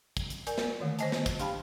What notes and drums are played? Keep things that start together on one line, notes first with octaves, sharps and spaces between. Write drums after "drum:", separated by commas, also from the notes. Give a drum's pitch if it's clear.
drum: kick, hi-hat
drum: hi-hat
A#4 D5 G#5, drum: hi-hat
drum: snare
D3 D#3 A3 A#3
C5 C#5 D#5 G#5 A5, drum: hi-hat
drum: snare
drum: kick, hi-hat
D4 G4 F5 G5 A5 B5, drum: hi-hat